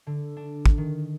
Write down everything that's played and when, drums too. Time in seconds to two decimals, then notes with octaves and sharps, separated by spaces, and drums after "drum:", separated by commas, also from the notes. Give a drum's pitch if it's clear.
0.07 D3
0.37 D4
0.66 drum: kick
0.78 D#3